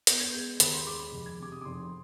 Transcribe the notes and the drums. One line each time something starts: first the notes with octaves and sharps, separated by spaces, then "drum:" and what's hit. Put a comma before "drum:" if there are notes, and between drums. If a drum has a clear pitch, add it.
B3 G6, drum: hi-hat
G#6
G#3 G6
D#2 B5, drum: hi-hat
C6
G#3 D6
B5
F1
G#6
C3 D6
D#6
D6
F1 C6